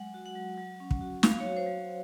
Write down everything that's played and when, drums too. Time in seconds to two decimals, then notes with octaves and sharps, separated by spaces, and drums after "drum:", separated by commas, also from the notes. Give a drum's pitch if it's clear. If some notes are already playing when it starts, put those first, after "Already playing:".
Already playing: F#3 G#3 F#5
0.14 F#4
0.26 F#5
0.35 F#3
0.57 F#3
0.80 C#4
0.91 drum: kick
1.01 F#4
1.23 F#3 F5, drum: snare
1.40 C#5
1.46 F#4
1.57 C5
1.67 F#3